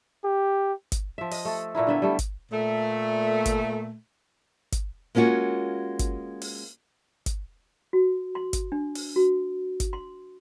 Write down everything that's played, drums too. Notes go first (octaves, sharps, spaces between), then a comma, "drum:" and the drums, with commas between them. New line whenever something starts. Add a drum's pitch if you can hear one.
G4
drum: kick G1, hi-hat
F3 E5
D#5, drum: open hi-hat
A3 A4
A#2 A3 A#3 E4
D3 B3 E5
G3 A3
drum: kick G1, hi-hat
A#2 A3
drum: kick G1, hi-hat
drum: kick G1, hi-hat
G#3 A#3 C#4 F4 F#4
drum: kick G1, hi-hat
drum: open hi-hat
drum: kick G1, hi-hat
F#4
C6
drum: kick G1, hi-hat
D4
drum: open hi-hat
F#4
drum: kick G1, hi-hat
C6